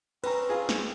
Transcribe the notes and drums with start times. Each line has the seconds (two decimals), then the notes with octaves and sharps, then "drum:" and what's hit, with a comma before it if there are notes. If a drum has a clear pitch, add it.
0.24 C4 C#4 B4 A#5, drum: cymbal
0.49 F4 G#4
0.69 drum: snare